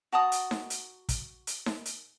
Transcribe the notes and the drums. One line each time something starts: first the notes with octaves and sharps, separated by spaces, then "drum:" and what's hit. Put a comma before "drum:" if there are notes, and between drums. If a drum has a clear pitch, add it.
F#4 A5 A#5 D#6
drum: hi-hat
drum: snare D#4
drum: hi-hat
drum: kick, hi-hat
drum: hi-hat
drum: snare D#4
drum: hi-hat